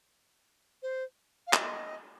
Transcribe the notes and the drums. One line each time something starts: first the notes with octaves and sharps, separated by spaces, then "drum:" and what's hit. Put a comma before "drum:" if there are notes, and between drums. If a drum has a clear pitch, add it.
C5
F5
D#5, drum: clap